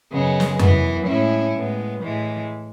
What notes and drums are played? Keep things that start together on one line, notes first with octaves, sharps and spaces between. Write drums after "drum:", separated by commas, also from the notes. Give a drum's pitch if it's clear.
F#2 C#3 G#3 B3
drum: snare
F#2 E3 B3, drum: tom F2
A2 G#3 C#4 E4
A2 G#3 B3
A2 E3 G#3